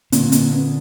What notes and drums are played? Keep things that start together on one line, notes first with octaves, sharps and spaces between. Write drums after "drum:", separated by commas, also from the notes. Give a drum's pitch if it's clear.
A#2 D3, drum: hi-hat
A#2, drum: hi-hat
B3